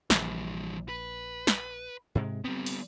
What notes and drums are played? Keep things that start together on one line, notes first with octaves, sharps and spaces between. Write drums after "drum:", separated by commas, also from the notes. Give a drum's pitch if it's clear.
A#1 E3 G3, drum: snare
B4
drum: snare
G#2 C3 G#3
G3 B3 C4
drum: open hi-hat